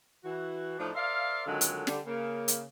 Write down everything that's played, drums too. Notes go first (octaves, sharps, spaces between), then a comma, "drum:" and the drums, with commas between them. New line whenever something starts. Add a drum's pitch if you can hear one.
E3 F#4
A2 F3 A3 D4 D#4
A#4 C5 D5 E5 F5
F2 D3 D#3 F#3 G#3 A4
drum: hi-hat
D3 G3, drum: snare
C#3 A#3
drum: hi-hat